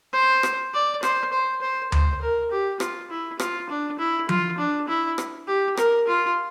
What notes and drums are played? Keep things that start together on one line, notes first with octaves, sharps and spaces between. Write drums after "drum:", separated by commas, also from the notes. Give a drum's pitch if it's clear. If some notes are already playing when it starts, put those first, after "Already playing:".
C5
drum: rim click
D5
C5, drum: rim click
C5
C5
C5, drum: tom D2
A#4
G4
F4, drum: rim click
E4
F4, drum: rim click
D4
E4
F4, drum: tom F3
D4
E4
drum: rim click
G4
A#4, drum: rim click
F4